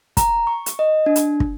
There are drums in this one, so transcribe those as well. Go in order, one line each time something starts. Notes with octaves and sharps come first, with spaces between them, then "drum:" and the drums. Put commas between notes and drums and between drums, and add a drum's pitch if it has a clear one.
A#5, drum: kick, hi-hat
C#6
drum: hi-hat
D#5
D4
drum: hi-hat
drum: kick